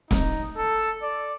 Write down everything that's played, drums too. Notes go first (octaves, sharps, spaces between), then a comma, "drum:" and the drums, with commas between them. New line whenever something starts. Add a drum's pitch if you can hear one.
D#4, drum: snare
A4
D5